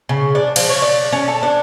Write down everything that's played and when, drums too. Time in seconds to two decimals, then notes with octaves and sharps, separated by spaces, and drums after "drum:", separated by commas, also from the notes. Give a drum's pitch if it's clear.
0.09 C#3
0.35 D4
0.56 F3, drum: cymbal
0.69 C#5
0.82 D5
1.12 C#4
1.28 A4
1.43 D4